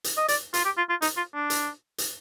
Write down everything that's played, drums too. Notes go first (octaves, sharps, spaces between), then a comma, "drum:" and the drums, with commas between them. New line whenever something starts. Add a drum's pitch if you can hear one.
drum: hi-hat
D#5
D5, drum: hi-hat
F4, drum: hi-hat
G4
F4
F4
D#4, drum: hi-hat
F4
D4
drum: hi-hat
drum: hi-hat